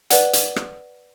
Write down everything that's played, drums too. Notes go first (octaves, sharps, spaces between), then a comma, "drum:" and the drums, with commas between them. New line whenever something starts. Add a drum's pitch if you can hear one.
B4 D5 F#5, drum: hi-hat
drum: hi-hat
drum: rim click